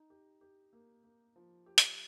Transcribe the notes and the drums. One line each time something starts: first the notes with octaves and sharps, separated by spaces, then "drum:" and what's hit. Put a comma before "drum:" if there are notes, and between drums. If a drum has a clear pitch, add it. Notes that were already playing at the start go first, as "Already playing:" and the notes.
Already playing: D#4
G4
G4
A#3
A#3
F3
G4
drum: hi-hat